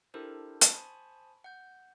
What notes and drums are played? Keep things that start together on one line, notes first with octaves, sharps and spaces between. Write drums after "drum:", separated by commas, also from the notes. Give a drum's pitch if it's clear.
D4 E4 G4 A4 A#4 C5
C5 G#5 A5 B5 C#6 D#6, drum: hi-hat
F#5 G6